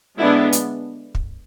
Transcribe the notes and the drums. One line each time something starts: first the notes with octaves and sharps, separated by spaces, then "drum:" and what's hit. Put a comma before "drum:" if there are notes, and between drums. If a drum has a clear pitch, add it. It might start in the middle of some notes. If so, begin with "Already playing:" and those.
D3 G#3 B3 D4 E4
drum: hi-hat
drum: kick